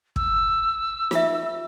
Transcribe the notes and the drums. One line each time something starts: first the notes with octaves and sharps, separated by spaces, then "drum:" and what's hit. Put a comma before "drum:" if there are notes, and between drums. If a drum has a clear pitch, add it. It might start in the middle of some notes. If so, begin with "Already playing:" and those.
E6, drum: kick
F4 E5, drum: snare